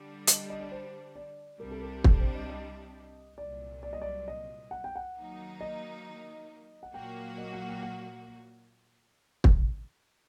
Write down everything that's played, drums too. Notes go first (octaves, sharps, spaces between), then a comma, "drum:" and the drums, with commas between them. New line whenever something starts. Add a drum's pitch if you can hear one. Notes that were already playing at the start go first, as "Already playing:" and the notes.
Already playing: D3 G3 D4
D#5, drum: hi-hat
D#5
D5
C5
D5
C2 C3 G3 D4 A#4
A4
A#4
A4, drum: kick
C5
D#5
D#5
C2 A#2 F#3 D5
D5
D#5
D5
D#5
F#5
G5
F#5
D#3 F#3 A#3 D#4
D#5
F#5
A#2 F#3 A#3 F#4 G5
D#5
F#5
G5
F#5
drum: kick